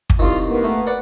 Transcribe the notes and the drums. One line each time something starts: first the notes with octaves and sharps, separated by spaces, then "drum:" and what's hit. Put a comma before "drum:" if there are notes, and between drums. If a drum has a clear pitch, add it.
drum: kick
C2 D#3 F4
A#3 B3
A3
B4 D5 F#5